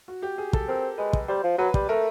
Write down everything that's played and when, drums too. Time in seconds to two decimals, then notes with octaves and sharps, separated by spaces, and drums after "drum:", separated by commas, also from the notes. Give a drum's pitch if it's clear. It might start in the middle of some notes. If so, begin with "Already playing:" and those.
0.08 F#4
0.22 G4
0.38 G#4
0.53 A4, drum: kick
0.68 C4 A#4
0.98 G#3 B4
1.13 drum: kick
1.28 G3 C5
1.44 F3
1.58 F#3 B4
1.74 G3, drum: kick
1.89 A3 A#4